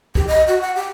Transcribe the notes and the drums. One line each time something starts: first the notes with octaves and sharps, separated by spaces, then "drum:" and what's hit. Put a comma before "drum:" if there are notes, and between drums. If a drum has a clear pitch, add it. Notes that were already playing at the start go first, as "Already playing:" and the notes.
G4, drum: kick B1
D#5
F#4
F#5
G4